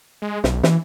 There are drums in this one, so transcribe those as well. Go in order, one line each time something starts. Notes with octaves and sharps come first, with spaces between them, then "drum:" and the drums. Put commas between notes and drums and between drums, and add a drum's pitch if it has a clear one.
G#3
B1, drum: snare
E3, drum: snare